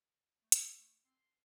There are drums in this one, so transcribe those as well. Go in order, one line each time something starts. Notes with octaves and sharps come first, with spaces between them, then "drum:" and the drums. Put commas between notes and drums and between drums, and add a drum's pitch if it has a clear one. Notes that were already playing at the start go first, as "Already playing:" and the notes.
A3
C4 D6, drum: hi-hat
A3
C4 C6